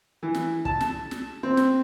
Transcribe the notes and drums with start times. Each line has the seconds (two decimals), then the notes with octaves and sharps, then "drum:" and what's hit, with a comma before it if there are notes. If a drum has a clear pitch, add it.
0.23 E3
0.35 drum: snare
0.65 A5, drum: kick
0.81 drum: snare
1.11 drum: snare
1.43 C4
1.57 drum: snare